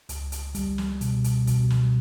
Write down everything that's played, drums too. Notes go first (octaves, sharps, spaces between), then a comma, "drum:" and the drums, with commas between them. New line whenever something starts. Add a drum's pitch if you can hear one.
C#2, drum: hi-hat
drum: hi-hat
G3, drum: kick, hi-hat
drum: snare
B2, drum: hi-hat
drum: hi-hat
B2, drum: kick, hi-hat
drum: snare